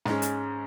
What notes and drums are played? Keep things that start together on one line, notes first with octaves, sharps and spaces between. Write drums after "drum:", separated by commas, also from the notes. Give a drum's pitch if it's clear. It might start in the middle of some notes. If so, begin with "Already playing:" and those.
G#2 G#3 C#4, drum: snare
drum: hi-hat